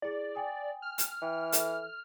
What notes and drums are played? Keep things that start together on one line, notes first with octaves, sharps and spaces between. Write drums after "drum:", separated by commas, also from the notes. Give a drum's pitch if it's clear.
E4 G#4 D5
G5 G#5 D#6
F6
drum: hi-hat
E3 G5
A4 E5, drum: hi-hat